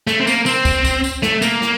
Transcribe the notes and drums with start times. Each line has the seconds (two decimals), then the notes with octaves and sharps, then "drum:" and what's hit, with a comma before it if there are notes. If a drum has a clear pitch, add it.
0.07 A3, drum: snare
0.21 C4
0.27 A#3, drum: tambourine
0.46 C4, drum: tambourine
0.65 drum: kick, tambourine
0.84 drum: kick, tambourine
1.04 drum: tambourine
1.23 A3, drum: snare
1.42 A#3, drum: tambourine
1.62 drum: snare